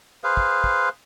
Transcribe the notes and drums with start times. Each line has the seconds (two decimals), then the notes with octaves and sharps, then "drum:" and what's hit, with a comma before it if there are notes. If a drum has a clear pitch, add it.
0.24 G#4 B4 C5 F5
0.37 drum: kick
0.64 drum: kick